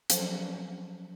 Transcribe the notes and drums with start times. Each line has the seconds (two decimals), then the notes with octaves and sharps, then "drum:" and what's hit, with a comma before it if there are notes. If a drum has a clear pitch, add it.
0.10 F3 F#3 C#4 A4 C5, drum: hi-hat